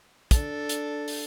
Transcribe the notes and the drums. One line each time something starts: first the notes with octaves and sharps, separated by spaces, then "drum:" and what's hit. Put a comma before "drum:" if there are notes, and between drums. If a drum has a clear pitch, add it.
D4 A4, drum: kick, hi-hat
drum: hi-hat
drum: open hi-hat